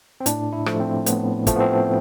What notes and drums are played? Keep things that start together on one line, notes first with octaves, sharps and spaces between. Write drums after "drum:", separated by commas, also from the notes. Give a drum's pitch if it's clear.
C4
A2 D4, drum: hi-hat
E4
F3 A3, drum: rim click
C4
A2 B3, drum: hi-hat
F3 A3, drum: kick, hi-hat
B3
C4